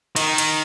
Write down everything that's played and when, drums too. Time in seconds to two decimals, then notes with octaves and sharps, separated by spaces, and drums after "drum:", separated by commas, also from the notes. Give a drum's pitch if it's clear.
0.16 D#3, drum: cymbal
0.38 drum: cymbal